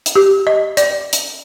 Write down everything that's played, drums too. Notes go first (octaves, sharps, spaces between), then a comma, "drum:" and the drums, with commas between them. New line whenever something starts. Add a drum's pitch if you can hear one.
drum: hi-hat
G4
D#5
D5, drum: hi-hat
drum: hi-hat